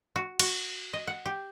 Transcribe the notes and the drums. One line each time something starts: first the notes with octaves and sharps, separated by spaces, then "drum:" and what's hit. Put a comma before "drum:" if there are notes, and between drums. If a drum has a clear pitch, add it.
F#4
F#4, drum: cymbal
D#5
F#5
G4